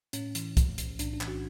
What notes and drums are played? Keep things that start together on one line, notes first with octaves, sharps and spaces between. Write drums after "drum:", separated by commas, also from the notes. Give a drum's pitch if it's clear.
A2 C#4, drum: hi-hat
E3, drum: hi-hat
B1, drum: kick C2, hi-hat
B1, drum: hi-hat
A2 D4, drum: hi-hat
D4
E3, drum: clap
F#4